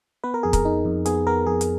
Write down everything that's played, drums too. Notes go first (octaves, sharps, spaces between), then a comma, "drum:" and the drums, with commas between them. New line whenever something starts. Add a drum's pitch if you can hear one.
B3 B4
A#4
F2 G#4
A#4, drum: kick, hi-hat
D#4
F2
B3 G#4, drum: hi-hat
B3 A#4
F2 G#4
drum: hi-hat